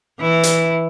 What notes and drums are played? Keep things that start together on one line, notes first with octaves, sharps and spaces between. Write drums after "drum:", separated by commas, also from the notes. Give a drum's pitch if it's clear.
E3 E4
drum: hi-hat